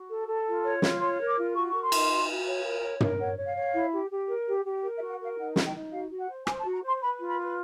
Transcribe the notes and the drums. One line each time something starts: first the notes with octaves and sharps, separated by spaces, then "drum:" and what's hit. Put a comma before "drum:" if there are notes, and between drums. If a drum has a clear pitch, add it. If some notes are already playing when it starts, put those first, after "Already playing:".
Already playing: F#4
A4
A4
F4
C#5
F4, drum: snare
C#5 C6
A#4
D6
F4
F#4 C#6
A#4 C#6
C6
D#4, drum: cymbal
F#4
F#4
C#5
A#4
C#5
A#4, drum: tom
C#5 F#5
C#5
F5
C#5
E4
G4
G4
A#4
G4
G4
A#4
E5
F#4
F#5
A#4 F5
D#4 F#5
D#4, drum: snare
G5
D#4
F#4 F5
F#4
F#5
C5
C5 G#5, drum: rim click
A5
F#4
A#5
C5 C6
B4 B5
F4
B5
B4